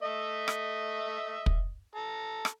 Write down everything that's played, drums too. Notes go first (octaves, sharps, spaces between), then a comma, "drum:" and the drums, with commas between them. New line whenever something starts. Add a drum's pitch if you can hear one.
A3 D#5 E5
drum: rim click
drum: kick
A4 A#5
drum: rim click